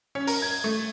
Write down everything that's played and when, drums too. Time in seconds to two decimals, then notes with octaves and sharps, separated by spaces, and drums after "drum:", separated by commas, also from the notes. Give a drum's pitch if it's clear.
0.15 C#4
0.27 A#4, drum: open hi-hat
0.42 G#6
0.64 A3